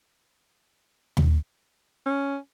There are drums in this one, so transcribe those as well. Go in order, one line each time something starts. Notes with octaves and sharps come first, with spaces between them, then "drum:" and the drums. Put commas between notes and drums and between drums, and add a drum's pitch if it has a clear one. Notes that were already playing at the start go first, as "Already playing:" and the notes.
drum: tom D#2
C#4